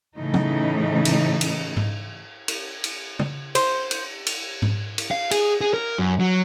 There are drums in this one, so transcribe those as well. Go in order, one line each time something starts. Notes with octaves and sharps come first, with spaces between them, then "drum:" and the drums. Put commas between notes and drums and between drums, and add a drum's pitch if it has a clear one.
A2 C#3 E3 D#4
drum: tom
drum: cymbal
drum: cymbal
drum: tom G#2
drum: cymbal
drum: cymbal
drum: tom
C5, drum: cymbal
drum: cymbal
drum: cymbal
drum: tom G#2
drum: cymbal
F5
G#4, drum: cymbal
G#4
A#4
F#2
F#3